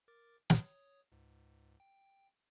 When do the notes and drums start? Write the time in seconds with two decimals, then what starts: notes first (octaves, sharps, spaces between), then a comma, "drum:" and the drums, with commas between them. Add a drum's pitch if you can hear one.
0.08 A#4 D6 A6
0.50 C#5 D#6, drum: snare
1.12 C#2 G#2
1.80 G5